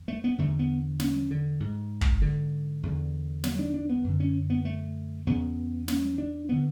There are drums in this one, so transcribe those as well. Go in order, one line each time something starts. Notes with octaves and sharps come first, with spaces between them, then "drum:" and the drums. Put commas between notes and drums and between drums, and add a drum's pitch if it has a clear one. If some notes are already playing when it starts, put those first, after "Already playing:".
Already playing: E2
A3
B3
E2 D3 A3
B3
C#4, drum: snare
D3
G#2
drum: kick
D3
E2 D3
F#3, drum: snare
D4
D4
B3
F#2 D3
C#4
B3
A3
E2 C#3 B3
C#4, drum: snare
D4
D3 B3